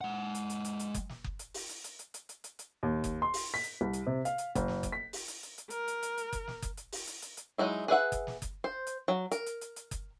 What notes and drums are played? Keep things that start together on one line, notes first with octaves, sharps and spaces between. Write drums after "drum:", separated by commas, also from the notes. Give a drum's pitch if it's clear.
G#3 F#5
drum: hi-hat
drum: hi-hat
drum: hi-hat
drum: hi-hat
drum: kick F#1, hi-hat
drum: snare
drum: kick F#1
drum: hi-hat
drum: open hi-hat
drum: hi-hat
drum: hi-hat
drum: hi-hat
drum: hi-hat
drum: hi-hat
drum: hi-hat
drum: hi-hat
D#2
drum: kick F#1, hi-hat
C6
drum: open hi-hat
B6
drum: hi-hat
C2
drum: hi-hat
C3
F5, drum: hi-hat
drum: hi-hat
F#1, drum: kick F#1, hi-hat
drum: snare
drum: kick F#1, hi-hat
B6
drum: open hi-hat
drum: hi-hat
drum: hi-hat
drum: hi-hat
A#4, drum: hi-hat
drum: hi-hat
drum: hi-hat
drum: hi-hat
drum: kick F#1, hi-hat
drum: snare
drum: kick F#1, hi-hat
drum: hi-hat
drum: open hi-hat
drum: hi-hat
drum: hi-hat
drum: hi-hat
F#3 G#3 D#4 E4
G#4 B4 E5 F#5
drum: kick F#1, hi-hat
drum: snare
drum: kick F#1, hi-hat
C5
drum: hi-hat
F#3
A#4, drum: hi-hat
drum: hi-hat
drum: hi-hat
drum: hi-hat
drum: kick F#1, hi-hat